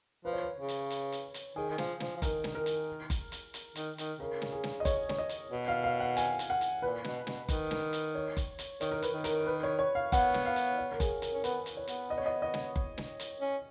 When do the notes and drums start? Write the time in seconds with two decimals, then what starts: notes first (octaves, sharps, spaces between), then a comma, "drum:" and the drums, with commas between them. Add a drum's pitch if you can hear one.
0.25 F3 B4
0.33 C#5
0.42 B4
0.57 C#3
0.68 drum: hi-hat
0.90 drum: hi-hat
1.12 drum: hi-hat
1.34 drum: hi-hat
1.56 D#3 G#4
1.70 D#3
1.78 F3, drum: snare
2.00 F3, drum: snare
2.17 F3
2.22 D#3 A#4, drum: kick F#1, hi-hat
2.44 drum: snare
2.55 A#4
2.66 drum: hi-hat
3.10 drum: kick F#1, hi-hat
3.32 drum: hi-hat
3.54 drum: hi-hat
3.75 D#3, drum: hi-hat
3.98 D#3, drum: hi-hat
4.20 C#3 A#4
4.42 drum: snare
4.52 G#4
4.64 drum: snare
4.80 D#5
4.85 C#5, drum: kick F#1, hi-hat
5.09 C#5, drum: snare
5.18 D#5
5.29 drum: hi-hat
5.51 B2
5.68 F5
5.84 F5
6.00 F#5
6.17 G#5, drum: hi-hat
6.39 drum: hi-hat
6.50 F#5
6.61 drum: hi-hat
6.82 A#2 B4
7.04 B2, drum: snare
7.27 B2, drum: snare
7.49 D#3, drum: kick F#1, hi-hat
7.71 drum: snare
7.93 drum: hi-hat
8.15 C#5
8.37 drum: kick F#1, hi-hat
8.59 drum: hi-hat
8.81 D#3 C#5, drum: hi-hat
8.91 A#4
9.02 B4, drum: hi-hat
9.14 D#3
9.24 A#4, drum: hi-hat
9.47 B4
9.63 C#5
9.79 C#5
9.95 F5
10.12 B3 F#5, drum: kick F#1, hi-hat
10.34 drum: snare
10.46 F5
10.56 drum: hi-hat
10.78 C#5
10.92 A#4
11.00 G#4, drum: kick F#1, hi-hat
11.22 A#4, drum: hi-hat
11.33 C#4 A#4
11.44 B3 B4, drum: hi-hat
11.66 drum: hi-hat
11.77 C#5
11.87 B3, drum: hi-hat
12.10 D#5
12.18 C#5
12.26 D#5
12.42 D#5
12.54 drum: snare
12.76 drum: kick F#1
12.98 drum: snare
13.20 drum: hi-hat
13.41 C#4